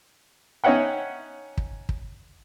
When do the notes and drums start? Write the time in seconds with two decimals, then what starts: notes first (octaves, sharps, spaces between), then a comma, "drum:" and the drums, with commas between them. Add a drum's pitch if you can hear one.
0.64 C#4 D#4 C#5 E5 F#5 G5
1.58 drum: kick
1.89 drum: kick